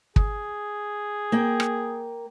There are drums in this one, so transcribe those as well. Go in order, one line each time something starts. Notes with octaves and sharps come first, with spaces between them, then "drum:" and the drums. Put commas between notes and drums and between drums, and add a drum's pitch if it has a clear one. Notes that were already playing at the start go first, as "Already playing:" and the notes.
G#4, drum: kick
A#3 G5
drum: rim click